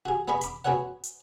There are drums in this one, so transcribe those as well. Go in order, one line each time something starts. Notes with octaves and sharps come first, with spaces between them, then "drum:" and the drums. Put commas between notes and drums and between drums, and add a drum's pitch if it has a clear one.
F#4 G#4
B3 G#4 D#5 B5 C#6
B5 D6, drum: hi-hat
B3 F#4 G#4 C#5 F#5
drum: hi-hat